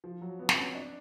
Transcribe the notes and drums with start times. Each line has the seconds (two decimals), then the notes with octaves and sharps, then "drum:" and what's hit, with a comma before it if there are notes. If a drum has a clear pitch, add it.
0.04 F3
0.22 F#3
0.39 B3
0.49 C4, drum: snare
0.57 C#4
0.75 D4